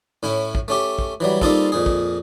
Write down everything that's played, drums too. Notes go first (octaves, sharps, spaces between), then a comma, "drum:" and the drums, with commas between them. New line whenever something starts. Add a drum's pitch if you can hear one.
A2 C#4 E4
drum: kick
A3 C#4 G4
drum: kick
E3 F#3 G3
G3 A#3 C4 D#4 F4 A4, drum: kick
F2 A#2 G#4
drum: kick